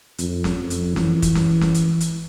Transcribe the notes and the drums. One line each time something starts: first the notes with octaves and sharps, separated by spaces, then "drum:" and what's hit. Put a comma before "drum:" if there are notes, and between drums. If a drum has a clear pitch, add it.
F2, drum: hi-hat
drum: snare
F2
drum: hi-hat
E3, drum: snare
drum: kick, hi-hat
drum: snare
drum: snare
drum: hi-hat
drum: hi-hat